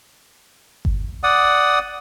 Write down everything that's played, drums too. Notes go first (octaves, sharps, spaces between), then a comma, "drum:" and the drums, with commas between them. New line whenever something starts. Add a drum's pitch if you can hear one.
drum: kick G1
D5 F#5 D#6